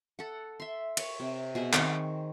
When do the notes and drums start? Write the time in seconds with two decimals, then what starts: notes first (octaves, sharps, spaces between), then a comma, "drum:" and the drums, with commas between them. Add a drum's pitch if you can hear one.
0.19 A4 F#5
0.60 E5 C6
0.97 C#5, drum: cymbal
1.20 C3
1.55 B2 G#4 E5 F#5
1.73 D#3 C4 C#6, drum: clap